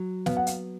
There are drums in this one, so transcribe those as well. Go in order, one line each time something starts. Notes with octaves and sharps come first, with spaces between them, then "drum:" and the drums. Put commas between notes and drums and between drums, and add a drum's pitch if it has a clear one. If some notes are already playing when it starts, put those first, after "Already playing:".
Already playing: F#3
B3 F5, drum: snare
F#5
F5, drum: hi-hat